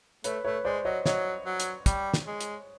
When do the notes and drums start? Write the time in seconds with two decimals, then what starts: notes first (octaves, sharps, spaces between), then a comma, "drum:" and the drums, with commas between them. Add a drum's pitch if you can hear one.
0.24 A3 B4 C#5, drum: hi-hat
0.45 A3 B4 C#5
0.65 G#3 C5 D5
0.85 F#3 C#5 D#5
1.06 F#3 C#5 D#5, drum: snare
1.46 F#3
1.60 drum: hi-hat
1.86 G3, drum: kick, hi-hat
2.14 drum: snare
2.27 G#3
2.41 drum: hi-hat